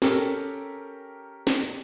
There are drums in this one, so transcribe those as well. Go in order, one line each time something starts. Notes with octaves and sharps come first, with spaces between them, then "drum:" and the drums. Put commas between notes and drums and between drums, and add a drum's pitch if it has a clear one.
C#4 G4 A4 A#4, drum: snare
drum: snare